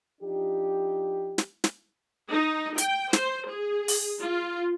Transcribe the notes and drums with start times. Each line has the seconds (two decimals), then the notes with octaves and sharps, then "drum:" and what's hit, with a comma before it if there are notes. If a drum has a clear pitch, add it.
0.22 F3 D4 D#4 F4 G4
1.38 drum: snare
1.64 drum: snare
2.31 D#4
2.78 G5, drum: hi-hat
3.13 C5, drum: snare
3.49 G#4
3.88 drum: open hi-hat
4.20 F4